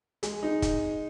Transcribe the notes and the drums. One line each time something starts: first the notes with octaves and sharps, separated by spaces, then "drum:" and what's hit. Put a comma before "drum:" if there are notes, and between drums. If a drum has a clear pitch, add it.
G#3, drum: hi-hat
D#4
drum: kick, hi-hat